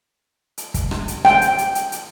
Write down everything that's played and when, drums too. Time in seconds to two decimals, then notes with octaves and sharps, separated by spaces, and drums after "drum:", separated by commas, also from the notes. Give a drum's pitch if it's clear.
0.58 drum: hi-hat
0.74 drum: kick, hi-hat
0.91 drum: rim click
1.08 drum: hi-hat
1.25 G5, drum: rim click
1.42 drum: hi-hat
1.58 drum: hi-hat
1.75 drum: hi-hat
1.92 drum: hi-hat